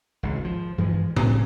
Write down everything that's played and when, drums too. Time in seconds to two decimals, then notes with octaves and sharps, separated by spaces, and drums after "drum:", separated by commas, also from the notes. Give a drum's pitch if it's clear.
0.23 G#1 C#2
0.45 F3
0.78 G2 E3 F3 G#3
1.16 F#1 C2 C#4, drum: tom A2